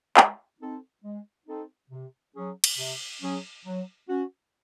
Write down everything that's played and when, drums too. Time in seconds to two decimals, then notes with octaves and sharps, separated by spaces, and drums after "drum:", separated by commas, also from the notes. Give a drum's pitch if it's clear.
0.17 G#3, drum: clap
0.60 C4 D#4 A4
1.04 G#3
1.47 C4 D#4 A4
1.90 C3
2.34 F#3 C#4 G#4
2.64 drum: cymbal
2.77 C3
3.21 F#3 C#4 G#4
3.65 F#3
4.07 C#4 F#4